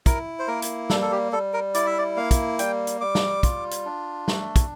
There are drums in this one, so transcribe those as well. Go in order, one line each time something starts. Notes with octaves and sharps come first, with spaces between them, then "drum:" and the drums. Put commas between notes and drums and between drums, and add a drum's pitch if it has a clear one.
E4 A#4, drum: kick, hi-hat
C5
A#3 A#4
drum: hi-hat
G3 A4, drum: snare
A4
G4
G3 A4
A#4
E4 D5, drum: hi-hat
E5
D5
A#3 F5
drum: kick, hi-hat
G3 G5, drum: hi-hat
drum: hi-hat
G3 D6
drum: snare
F4, drum: kick, hi-hat
drum: hi-hat
D4
A3, drum: snare
drum: kick, hi-hat